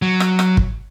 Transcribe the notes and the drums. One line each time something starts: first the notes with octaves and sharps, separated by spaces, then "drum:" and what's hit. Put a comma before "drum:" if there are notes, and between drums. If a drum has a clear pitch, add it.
F#3
drum: rim click
drum: rim click
drum: kick G1